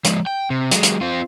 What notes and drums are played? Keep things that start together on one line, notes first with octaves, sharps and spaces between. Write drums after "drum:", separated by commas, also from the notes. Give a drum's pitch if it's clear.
F3 G#3, drum: hi-hat
G5
C3
F#3 G#3, drum: hi-hat
drum: hi-hat
C4 F4